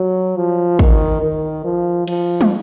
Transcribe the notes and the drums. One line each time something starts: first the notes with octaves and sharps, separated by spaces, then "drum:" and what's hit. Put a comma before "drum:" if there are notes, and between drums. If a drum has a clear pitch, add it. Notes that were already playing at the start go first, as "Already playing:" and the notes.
Already playing: F#3
F3
D#3, drum: kick
D#3
F3
F3, drum: cymbal
drum: tom